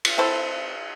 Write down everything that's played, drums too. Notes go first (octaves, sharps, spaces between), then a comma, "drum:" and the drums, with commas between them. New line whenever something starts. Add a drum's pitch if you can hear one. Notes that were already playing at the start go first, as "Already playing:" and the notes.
drum: cymbal
C4 E4 A4 C5